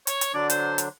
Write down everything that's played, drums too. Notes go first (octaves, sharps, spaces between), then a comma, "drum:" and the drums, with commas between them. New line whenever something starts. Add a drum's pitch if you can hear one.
C#5, drum: hi-hat
drum: hi-hat
D3 F#3 D4 D5
C5, drum: hi-hat
drum: hi-hat